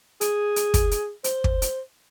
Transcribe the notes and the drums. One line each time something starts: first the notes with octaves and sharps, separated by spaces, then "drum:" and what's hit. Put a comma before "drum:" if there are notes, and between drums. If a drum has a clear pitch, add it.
G#4, drum: hi-hat
drum: hi-hat
drum: kick, hi-hat
drum: hi-hat
C5, drum: hi-hat
drum: kick
drum: hi-hat